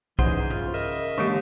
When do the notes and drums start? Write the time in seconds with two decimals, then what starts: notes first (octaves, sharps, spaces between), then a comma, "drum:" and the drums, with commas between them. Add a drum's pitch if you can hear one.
0.19 C#3 E3 D#4 G#4 C5 F#5, drum: kick
0.50 C#3 F4, drum: tom G2
0.74 A#4 D#5 E5
1.18 D3 E3 G#3 A#3 G4 A4